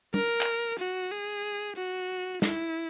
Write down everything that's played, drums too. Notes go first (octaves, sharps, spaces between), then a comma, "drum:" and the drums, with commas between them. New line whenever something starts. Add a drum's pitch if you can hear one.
A#4, drum: tom
drum: clap
F#4
G#4
F#4
E4, drum: snare